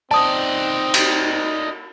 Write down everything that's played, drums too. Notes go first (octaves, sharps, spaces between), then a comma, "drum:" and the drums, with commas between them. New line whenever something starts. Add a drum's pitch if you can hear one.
C4 D#4 D5 A5 D#6
drum: cymbal